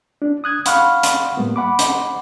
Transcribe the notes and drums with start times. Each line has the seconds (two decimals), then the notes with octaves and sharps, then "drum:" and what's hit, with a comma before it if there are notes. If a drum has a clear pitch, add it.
0.22 D4
0.44 D#6 F#6 G#6
0.66 F5 F#5 B5 C#6 F6 F#6, drum: hi-hat
1.03 drum: hi-hat
1.37 A2 G3 A#3 B3
1.56 F#5 B5 D6
1.79 drum: hi-hat